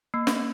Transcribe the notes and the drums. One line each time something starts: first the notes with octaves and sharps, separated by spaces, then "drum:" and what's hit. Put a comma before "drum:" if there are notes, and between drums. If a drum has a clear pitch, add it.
A#3
drum: snare